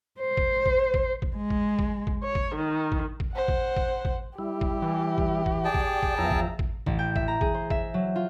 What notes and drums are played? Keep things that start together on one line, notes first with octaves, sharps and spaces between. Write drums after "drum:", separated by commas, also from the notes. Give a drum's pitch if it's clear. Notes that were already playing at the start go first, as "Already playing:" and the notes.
C5
drum: kick A1
drum: kick A1
drum: kick A1
drum: kick A1
G#3
drum: kick A1
drum: kick A1
drum: kick A1
C#5
drum: kick A1
D#3
drum: kick A1
drum: kick A1
C5 F#5
drum: kick A1
drum: kick A1
drum: kick A1
G3 E4 G4
drum: kick A1
E3
drum: kick A1
drum: kick A1
G#4 D5 G5 A5
drum: kick A1
drum: kick A1
E2 F3 E5 A#5
drum: kick A1
drum: kick A1
A1, drum: kick A1
G5
E5, drum: kick A1
A#5
G#4, drum: kick A1
C5
E5, drum: kick A1
F#3
F4